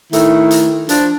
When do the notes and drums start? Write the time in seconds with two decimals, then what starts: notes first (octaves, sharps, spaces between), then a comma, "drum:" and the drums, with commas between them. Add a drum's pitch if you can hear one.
0.13 D#3 A3 E4, drum: hi-hat
0.51 drum: hi-hat
0.89 F3 D4, drum: hi-hat